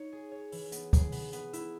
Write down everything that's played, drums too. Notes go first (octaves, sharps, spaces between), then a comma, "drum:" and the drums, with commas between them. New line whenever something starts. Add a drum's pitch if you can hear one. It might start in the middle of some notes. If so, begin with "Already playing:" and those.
Already playing: D#4 C#5
G#4
C#5
E3, drum: open hi-hat
B3, drum: hi-hat
G#4, drum: kick, hi-hat
B3, drum: open hi-hat
B3, drum: hi-hat
E4, drum: hi-hat